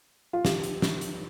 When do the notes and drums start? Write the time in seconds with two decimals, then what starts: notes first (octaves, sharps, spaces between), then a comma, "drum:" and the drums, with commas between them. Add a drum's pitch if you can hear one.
0.33 F4
0.45 G4, drum: snare
0.63 drum: hi-hat
0.82 drum: snare
1.01 drum: hi-hat